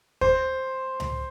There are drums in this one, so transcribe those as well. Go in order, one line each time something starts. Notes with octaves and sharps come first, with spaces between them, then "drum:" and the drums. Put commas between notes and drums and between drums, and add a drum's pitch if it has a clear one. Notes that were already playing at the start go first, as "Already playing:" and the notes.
C5, drum: kick D#2
drum: tom C#2